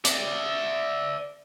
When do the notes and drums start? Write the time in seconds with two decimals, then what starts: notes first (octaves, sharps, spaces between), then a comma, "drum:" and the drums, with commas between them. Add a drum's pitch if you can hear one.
0.05 D5 E5, drum: hi-hat